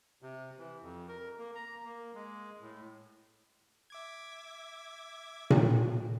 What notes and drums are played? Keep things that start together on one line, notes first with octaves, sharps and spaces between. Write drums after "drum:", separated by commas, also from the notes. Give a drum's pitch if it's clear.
C3
E3
F2
A#4
A#3
A#5
A#3
G#3
A2
E5 D6 G#6
drum: tom A#2